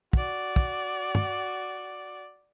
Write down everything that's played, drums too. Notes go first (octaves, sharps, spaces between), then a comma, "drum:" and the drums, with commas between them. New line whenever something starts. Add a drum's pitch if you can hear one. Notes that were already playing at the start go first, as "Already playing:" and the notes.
F#4 D5, drum: kick
drum: kick
drum: tom